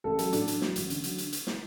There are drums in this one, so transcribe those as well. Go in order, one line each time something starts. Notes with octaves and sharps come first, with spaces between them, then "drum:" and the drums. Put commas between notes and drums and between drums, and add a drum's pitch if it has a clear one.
A1 A4
F#3 A4, drum: hi-hat
A2 D4, drum: hi-hat
F#3, drum: hi-hat
F#3, drum: snare
A1, drum: hi-hat
D3, drum: hi-hat
F#3, drum: hi-hat
drum: hi-hat
drum: hi-hat
drum: snare